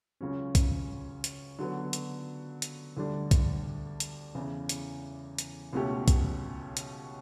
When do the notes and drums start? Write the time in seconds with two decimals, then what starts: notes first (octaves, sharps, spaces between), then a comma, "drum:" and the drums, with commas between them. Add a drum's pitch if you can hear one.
0.21 C#2 C#3 F#3 C#4
0.55 drum: kick, hi-hat
1.24 drum: hi-hat
1.59 D3 F#3 B3
1.93 drum: hi-hat
2.62 drum: hi-hat
2.97 D2 D3 G3 D4
3.31 drum: kick, hi-hat
4.00 drum: hi-hat
4.35 E2 C#3 E3
4.69 drum: hi-hat
5.38 drum: hi-hat
5.73 C#2 B2 A3 C#4 G4
6.08 drum: kick, hi-hat
6.77 drum: hi-hat